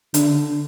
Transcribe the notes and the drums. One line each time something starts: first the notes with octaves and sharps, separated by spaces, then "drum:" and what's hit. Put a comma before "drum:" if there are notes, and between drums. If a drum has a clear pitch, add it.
D3, drum: hi-hat